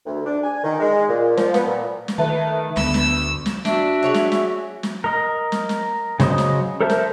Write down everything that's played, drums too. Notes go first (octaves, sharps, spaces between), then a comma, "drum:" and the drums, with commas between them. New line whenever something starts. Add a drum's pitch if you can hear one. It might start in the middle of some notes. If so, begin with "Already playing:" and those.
D2
D4
G#5
D#3
G#3
A#2
F3, drum: snare
B3, drum: snare
A#2
drum: snare
D#3 A3 B4 A5
D2 B3 E6, drum: snare
drum: snare
drum: snare
D4 F#4 E5, drum: snare
G#4 C#5 F#5
drum: snare
drum: snare
drum: snare
A#4 D#5
drum: snare
drum: snare
C#3 F#3 C5 D#5 D#6, drum: snare
drum: snare
A4 A#4 C5 E5 A5
drum: snare